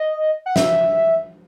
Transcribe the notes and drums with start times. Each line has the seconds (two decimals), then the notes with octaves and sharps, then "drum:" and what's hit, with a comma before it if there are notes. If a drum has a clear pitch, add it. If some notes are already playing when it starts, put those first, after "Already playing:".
Already playing: D#5
0.46 F#5
0.56 E5, drum: snare